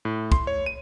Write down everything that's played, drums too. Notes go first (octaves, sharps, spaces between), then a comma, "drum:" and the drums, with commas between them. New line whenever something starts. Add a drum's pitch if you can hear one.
A2
C6, drum: kick
C#5
D#7